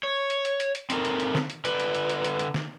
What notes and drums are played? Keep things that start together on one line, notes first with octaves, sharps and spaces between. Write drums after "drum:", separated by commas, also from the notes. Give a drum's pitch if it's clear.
C#5
drum: hi-hat
drum: hi-hat
drum: hi-hat
drum: hi-hat
C4 D#4 A4 A#4, drum: hi-hat
drum: hi-hat
drum: hi-hat
drum: snare
drum: hi-hat
D3 B4, drum: hi-hat
drum: hi-hat
drum: hi-hat
drum: hi-hat
drum: hi-hat
drum: hi-hat
drum: snare